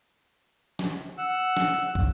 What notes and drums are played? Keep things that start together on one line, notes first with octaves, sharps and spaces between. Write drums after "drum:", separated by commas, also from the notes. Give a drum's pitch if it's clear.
drum: snare
F#5 E6
drum: snare
drum: kick